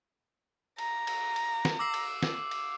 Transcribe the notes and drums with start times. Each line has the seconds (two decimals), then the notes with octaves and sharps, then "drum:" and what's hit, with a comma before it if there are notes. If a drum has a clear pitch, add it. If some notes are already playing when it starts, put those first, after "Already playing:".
0.78 A#5, drum: cymbal
1.07 drum: cymbal
1.36 drum: cymbal
1.65 drum: snare
1.79 D6 E6 C7
1.94 drum: cymbal
2.23 drum: snare
2.51 drum: cymbal